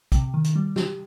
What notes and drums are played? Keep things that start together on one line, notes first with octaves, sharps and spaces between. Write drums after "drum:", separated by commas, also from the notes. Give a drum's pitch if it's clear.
C3, drum: kick, hi-hat
D#3
drum: hi-hat
G3
G4, drum: snare